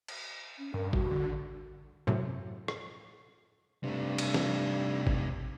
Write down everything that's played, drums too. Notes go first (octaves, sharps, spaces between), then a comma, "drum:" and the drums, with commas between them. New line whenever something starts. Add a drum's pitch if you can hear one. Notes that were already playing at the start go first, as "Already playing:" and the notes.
drum: cymbal
C#4
G2 A#4
F#4, drum: kick G#1
D3
F#2 A2 C3
drum: rim click
G2 C3 A3
drum: cymbal
drum: snare
drum: kick G#1